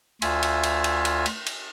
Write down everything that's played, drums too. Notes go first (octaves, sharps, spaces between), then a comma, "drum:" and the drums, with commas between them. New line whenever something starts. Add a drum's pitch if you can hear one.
D2 F4 E5 G#5, drum: cymbal
drum: cymbal
drum: cymbal
drum: cymbal
drum: cymbal
drum: cymbal
drum: cymbal